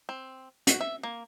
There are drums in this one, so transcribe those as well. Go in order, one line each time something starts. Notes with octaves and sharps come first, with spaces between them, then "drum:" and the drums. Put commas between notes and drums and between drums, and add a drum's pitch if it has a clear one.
C4
F#4, drum: hi-hat
E5
A#3